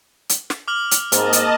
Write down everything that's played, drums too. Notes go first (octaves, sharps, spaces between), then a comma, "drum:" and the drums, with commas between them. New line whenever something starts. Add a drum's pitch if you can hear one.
drum: hi-hat
drum: snare
D6 F6 F#7
drum: hi-hat
G#2 G#3 A#3 C4 D#5 A5, drum: hi-hat
drum: hi-hat